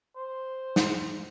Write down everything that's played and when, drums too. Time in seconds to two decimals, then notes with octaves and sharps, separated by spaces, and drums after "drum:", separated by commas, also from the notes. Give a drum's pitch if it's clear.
0.16 C5
0.76 drum: snare